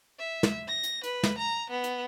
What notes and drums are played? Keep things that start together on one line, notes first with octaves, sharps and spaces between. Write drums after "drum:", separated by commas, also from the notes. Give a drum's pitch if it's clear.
E5
drum: snare
A#6
drum: hi-hat
B4, drum: hi-hat
drum: snare
A#5
B3
drum: hi-hat